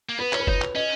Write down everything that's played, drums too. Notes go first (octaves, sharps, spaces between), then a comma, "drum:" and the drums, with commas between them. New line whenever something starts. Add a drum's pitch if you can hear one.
A#3
B3 B4
C#4 C#5, drum: clap
B4
D#4 C#5, drum: kick
drum: clap
C#4 D#5